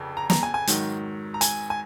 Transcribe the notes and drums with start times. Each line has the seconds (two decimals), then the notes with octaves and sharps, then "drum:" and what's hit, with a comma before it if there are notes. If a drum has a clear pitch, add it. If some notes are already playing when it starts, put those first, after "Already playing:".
Already playing: F1 F2 C#3
0.17 A#5
0.30 A#5, drum: snare
0.43 G#5
0.54 G#5
0.67 G#2 D#3 F#3, drum: hi-hat
1.34 A#5
1.41 G#5, drum: hi-hat
1.70 G#5